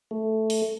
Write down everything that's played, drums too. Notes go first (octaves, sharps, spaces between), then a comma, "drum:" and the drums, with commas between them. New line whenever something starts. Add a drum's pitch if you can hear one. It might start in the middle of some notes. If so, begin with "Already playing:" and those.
A3
drum: open hi-hat